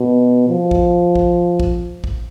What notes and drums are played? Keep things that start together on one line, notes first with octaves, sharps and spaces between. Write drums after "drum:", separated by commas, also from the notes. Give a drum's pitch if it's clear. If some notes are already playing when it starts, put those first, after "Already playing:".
Already playing: B2
F3
drum: kick
drum: kick
drum: kick
drum: kick